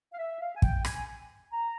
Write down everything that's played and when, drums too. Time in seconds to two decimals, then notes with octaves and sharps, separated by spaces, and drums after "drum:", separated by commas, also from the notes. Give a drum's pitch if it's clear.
0.12 F5
0.18 E5
0.40 F5
0.56 G#5
0.62 G5, drum: kick
0.85 G#5, drum: rim click
1.52 A#5